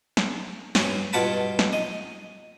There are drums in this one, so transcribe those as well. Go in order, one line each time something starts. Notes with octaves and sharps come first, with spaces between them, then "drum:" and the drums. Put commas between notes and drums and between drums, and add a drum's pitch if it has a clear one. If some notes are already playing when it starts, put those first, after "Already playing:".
drum: snare
G2 F#3 C#4, drum: snare
G2 B2 F4 F#5 A5 B5
drum: snare
D#5